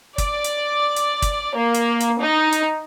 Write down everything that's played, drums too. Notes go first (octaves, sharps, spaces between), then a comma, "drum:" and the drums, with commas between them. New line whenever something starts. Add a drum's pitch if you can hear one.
D5, drum: kick, hi-hat
drum: hi-hat
drum: hi-hat
drum: kick, hi-hat
A#3
drum: hi-hat
drum: hi-hat
D#4
drum: hi-hat